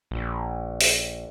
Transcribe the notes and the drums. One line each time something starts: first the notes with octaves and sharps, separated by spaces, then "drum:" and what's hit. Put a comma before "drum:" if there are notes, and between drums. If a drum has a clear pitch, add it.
A#1
drum: open hi-hat